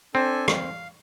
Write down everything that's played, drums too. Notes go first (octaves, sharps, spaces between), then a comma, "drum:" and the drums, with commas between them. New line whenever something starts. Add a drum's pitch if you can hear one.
C4 D4 A4 G#5
F5, drum: rim click